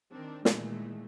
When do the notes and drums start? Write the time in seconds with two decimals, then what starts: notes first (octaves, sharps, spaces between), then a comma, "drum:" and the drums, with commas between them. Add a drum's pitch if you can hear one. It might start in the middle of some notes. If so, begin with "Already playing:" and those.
0.11 D#3 C4 D4 A#4
0.45 A#2 D#3 E3 G#3 A3, drum: snare